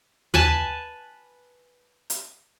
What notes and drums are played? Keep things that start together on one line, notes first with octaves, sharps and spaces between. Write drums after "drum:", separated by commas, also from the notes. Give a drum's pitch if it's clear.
B4 G#5 A5, drum: tom D#2
drum: hi-hat